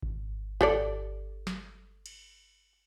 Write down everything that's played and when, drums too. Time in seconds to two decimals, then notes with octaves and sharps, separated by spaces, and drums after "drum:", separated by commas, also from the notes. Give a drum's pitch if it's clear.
0.03 drum: kick G#1
0.61 G4 A4 D5, drum: kick G#1
1.47 drum: snare
2.06 drum: cymbal